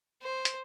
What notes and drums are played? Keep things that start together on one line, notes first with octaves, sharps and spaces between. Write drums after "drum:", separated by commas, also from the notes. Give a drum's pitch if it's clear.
C5
drum: hi-hat